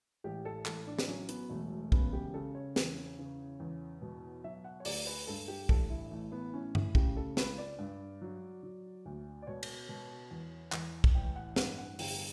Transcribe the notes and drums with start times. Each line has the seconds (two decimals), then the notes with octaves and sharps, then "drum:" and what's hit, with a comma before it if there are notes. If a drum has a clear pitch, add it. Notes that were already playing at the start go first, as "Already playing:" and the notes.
0.24 A1 G4
0.45 A4
0.66 A1 A4, drum: clap
0.87 D4
0.99 drum: snare
1.08 F#3 C#4
1.29 B3, drum: hi-hat
1.50 E1 A3
1.72 A3
1.92 C#3 B3, drum: kick
2.13 G4
2.34 C#3 A4
2.55 C#5
2.76 E2, drum: snare
3.18 C#3
3.60 E2
4.02 B2
4.44 F#3 E5
4.64 F#5
4.80 C#5
4.85 D2 D5, drum: open hi-hat
5.07 B4
5.27 G2 A4
5.48 G4
5.69 A1 A4, drum: kick
5.90 E4
6.11 E3 A3
6.32 B3
6.54 A2 C#4
6.75 E4, drum: tom G2
6.95 C#3 G4, drum: kick
7.17 A4
7.37 C#2 B4, drum: snare
7.58 D5
7.79 G2
8.22 F#3
8.63 F#3
9.05 D2
9.42 D5
9.47 B2 C#5
9.63 drum: cymbal
9.89 B2
10.31 E2
10.72 E2, drum: clap
11.04 drum: kick
11.15 A1 G5
11.36 F#5
11.56 G2 F#5, drum: snare
11.78 F#5
11.99 G1 G5, drum: open hi-hat